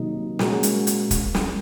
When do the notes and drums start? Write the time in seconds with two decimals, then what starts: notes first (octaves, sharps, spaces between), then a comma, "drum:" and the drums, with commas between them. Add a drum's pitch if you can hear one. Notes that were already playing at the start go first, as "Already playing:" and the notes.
Already playing: C3 D#3 F#3 A#3 D#4
0.39 A#2 G#3 C#4 F#4 A#4, drum: snare
0.63 drum: hi-hat
0.87 drum: hi-hat
1.11 drum: kick, hi-hat
1.34 drum: snare